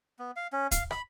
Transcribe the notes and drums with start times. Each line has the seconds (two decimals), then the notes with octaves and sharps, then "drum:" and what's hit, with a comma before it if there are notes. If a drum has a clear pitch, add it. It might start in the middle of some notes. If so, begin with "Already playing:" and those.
0.19 B3
0.36 F5
0.53 C#4
0.71 F5, drum: kick, hi-hat
0.91 B5, drum: rim click